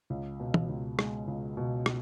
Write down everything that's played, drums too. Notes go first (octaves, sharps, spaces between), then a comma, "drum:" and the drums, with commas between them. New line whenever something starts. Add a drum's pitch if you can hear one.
C#2
B2
drum: tom
C#2
G#3, drum: rim click
C#2
B2
drum: rim click